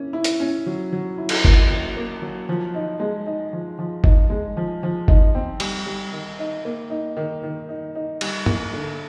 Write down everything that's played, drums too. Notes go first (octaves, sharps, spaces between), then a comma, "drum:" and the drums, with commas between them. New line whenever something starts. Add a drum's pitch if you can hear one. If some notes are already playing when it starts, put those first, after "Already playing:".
Already playing: A#3 C#4 E4
E4
drum: hi-hat
C#4
F#3
F#3
E4
drum: cymbal
A#3, drum: kick G1
F#3
A#3
F#3
F3
D#4
G#3
D#4
F3
F3
D#4, drum: kick G1
G#3
F3
F3
D#4, drum: kick G1
C4
G3, drum: cymbal
G3
D#3
D#4
A#3
D#4
D#3
D#3
D#4
D#4
G3, drum: cymbal
A#3, drum: tom
D3